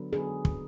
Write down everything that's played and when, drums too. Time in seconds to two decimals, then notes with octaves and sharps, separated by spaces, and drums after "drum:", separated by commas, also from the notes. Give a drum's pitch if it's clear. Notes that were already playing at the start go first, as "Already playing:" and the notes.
Already playing: D3 F#3 B3
0.12 D3 F#3 B3 G#4
0.45 drum: kick